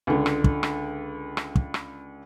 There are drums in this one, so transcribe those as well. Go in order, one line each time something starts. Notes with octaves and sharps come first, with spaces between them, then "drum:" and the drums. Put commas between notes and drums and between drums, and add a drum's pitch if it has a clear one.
C#2 D3
drum: rim click
drum: kick
drum: rim click
drum: rim click
drum: kick
drum: rim click